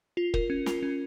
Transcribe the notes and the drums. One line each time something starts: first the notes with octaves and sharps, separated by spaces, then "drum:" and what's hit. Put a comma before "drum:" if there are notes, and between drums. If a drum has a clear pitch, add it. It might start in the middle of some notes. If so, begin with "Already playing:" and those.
F4
A#4, drum: kick
C#4
F4, drum: snare
C#4